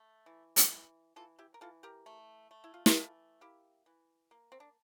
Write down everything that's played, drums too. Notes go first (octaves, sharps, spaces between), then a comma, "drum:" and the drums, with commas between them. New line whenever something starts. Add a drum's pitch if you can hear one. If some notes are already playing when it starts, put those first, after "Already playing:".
Already playing: A3
E3
drum: hi-hat
E3
E3 F4 A4
E4 G4
A#4
E3 F4 A4
G4 A#4
A3
A3
E4
F4
G4, drum: snare
E3 F4 A4
A#3 E4 G4
E3
A#3
C4
D4